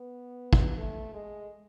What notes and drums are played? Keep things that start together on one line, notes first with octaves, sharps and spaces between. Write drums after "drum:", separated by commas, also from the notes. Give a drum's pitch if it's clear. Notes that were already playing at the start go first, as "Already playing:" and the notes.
Already playing: B3
drum: kick
A3
G#3